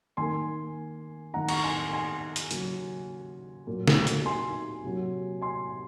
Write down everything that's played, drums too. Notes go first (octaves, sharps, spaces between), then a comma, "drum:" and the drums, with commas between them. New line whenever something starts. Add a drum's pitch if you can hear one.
D#3 A#3 G#5 C6
D#3 A#3 F#5 A#5
A#5 C#6, drum: cymbal
G#5 C6
G#5 C6
drum: hi-hat
C#3 F#3 A#3, drum: hi-hat
A#2 F#3 A#3
drum: snare
drum: hi-hat
G#5 C6
C3 F#3 A#3
G#5 C6